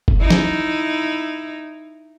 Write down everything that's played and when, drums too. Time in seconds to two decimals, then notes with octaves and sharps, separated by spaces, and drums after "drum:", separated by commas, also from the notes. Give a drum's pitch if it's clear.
0.08 drum: kick
0.21 D#4 E4
0.30 drum: snare